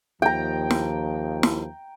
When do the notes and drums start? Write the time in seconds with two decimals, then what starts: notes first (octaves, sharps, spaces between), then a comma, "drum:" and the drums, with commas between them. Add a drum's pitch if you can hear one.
0.22 D#2 F3 G5 A#5
0.71 drum: snare
1.43 drum: snare